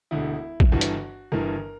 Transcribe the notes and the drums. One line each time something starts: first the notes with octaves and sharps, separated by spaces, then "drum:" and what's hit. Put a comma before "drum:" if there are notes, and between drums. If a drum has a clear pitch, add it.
E1 D2 D3 E4
drum: kick
G1 G2 E3 F#4
drum: hi-hat
G1 G2 E3 A#4